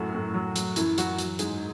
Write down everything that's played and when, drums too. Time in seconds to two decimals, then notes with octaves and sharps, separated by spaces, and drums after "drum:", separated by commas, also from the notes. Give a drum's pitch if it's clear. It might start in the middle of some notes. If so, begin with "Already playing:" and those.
Already playing: F#2 A2 F#3 F#4
0.15 A2
0.34 F#3
0.56 F#3, drum: hi-hat
0.76 F#2 E3 E4, drum: hi-hat
0.98 E3 F#3 F#4, drum: hi-hat
1.18 F#3, drum: hi-hat
1.39 G#2 G#3 G#4, drum: hi-hat